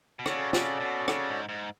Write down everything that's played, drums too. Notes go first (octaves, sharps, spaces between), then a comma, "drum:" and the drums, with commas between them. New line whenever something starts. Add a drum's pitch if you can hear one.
B2
C#3 C#4 F#4 A4 D5, drum: rim click
C#3, drum: snare F4
B2
C#3, drum: rim click
G#2
G#2